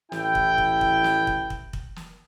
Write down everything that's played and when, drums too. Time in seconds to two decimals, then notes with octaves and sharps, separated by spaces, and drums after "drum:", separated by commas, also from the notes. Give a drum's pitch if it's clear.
0.12 A1 E4 G5, drum: snare
0.35 drum: kick
0.58 drum: kick
0.81 drum: kick
1.04 drum: snare
1.27 drum: kick
1.50 drum: kick
1.73 drum: kick
1.96 drum: snare